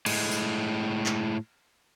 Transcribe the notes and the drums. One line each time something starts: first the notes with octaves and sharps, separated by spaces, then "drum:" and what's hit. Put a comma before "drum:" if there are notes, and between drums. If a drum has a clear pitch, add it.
A2 G#3, drum: cymbal
drum: tambourine
drum: clap